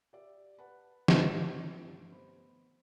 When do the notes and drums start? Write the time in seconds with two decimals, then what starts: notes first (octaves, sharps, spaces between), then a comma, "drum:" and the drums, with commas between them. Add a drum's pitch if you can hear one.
0.13 G4 D5 E5
0.59 B4 F#5 A5 B5
1.08 drum: snare
1.75 G2 A3 D7
2.11 B3 C5 B5